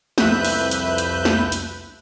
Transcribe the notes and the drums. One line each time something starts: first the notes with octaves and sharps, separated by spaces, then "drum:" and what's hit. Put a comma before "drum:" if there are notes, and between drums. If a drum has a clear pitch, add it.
C2 F2 B4 E5 F#6 G6, drum: snare
drum: open hi-hat
drum: hi-hat
drum: hi-hat
drum: snare
drum: hi-hat